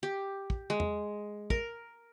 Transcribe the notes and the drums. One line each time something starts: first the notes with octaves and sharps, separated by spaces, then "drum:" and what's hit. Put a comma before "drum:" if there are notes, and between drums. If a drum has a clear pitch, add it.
G4
drum: kick
G#3
drum: tom E2
A#4, drum: kick